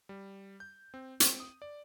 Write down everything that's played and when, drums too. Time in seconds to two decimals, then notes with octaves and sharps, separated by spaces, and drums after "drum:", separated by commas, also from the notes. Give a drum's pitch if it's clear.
0.09 G3
0.60 G6
0.94 C4
1.20 C4, drum: hi-hat
1.40 D#6
1.62 D5